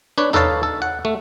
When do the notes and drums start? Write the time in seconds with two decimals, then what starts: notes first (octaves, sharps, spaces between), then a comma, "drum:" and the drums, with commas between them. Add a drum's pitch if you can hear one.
0.18 D4 B4 C#5
0.33 D#4 A4 B4 C#5 F5 A5, drum: tom D#2
0.63 A4
0.82 F#5
1.05 A3